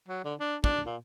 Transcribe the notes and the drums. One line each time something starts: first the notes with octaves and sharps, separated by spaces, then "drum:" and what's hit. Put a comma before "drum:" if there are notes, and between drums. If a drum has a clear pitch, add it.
F#3
D3
D4
D4, drum: kick
A#2